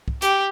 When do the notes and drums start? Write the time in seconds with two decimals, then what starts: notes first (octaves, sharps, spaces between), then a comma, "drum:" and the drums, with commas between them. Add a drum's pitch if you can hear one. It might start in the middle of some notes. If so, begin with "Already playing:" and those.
0.08 drum: kick
0.22 G4, drum: hi-hat